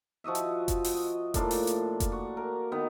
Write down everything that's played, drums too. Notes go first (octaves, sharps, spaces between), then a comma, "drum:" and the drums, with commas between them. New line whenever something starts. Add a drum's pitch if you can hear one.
F3 F#4 D#5 E5
drum: hi-hat
drum: kick F1, hi-hat
drum: open hi-hat
D#5
A2 A#3 D4 F4, drum: kick F1, hi-hat
drum: open hi-hat
drum: hi-hat
drum: kick F1, hi-hat
F#4
A#4
D#3 B3